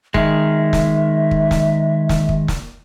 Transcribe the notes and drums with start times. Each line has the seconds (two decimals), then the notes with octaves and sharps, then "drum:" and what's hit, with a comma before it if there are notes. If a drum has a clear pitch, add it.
0.14 D#3 G#3 E5, drum: kick
0.73 drum: snare
1.31 drum: kick
1.51 drum: snare
2.09 drum: snare
2.29 drum: kick
2.48 drum: snare